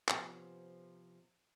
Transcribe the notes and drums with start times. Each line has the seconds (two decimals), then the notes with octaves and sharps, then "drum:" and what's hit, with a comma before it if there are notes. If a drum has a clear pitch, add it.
0.08 C3 F3 B3 C#4, drum: clap